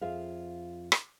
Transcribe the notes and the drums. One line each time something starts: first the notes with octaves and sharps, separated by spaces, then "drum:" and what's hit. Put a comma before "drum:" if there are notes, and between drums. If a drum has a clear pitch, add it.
F2 F4 G#4 E5 F5
drum: rim click